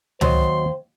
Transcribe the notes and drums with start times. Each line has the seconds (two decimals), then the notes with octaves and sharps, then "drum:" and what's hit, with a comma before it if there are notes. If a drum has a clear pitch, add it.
0.21 D#2 F#3 C5 C#5 D#5 C6, drum: tom C#2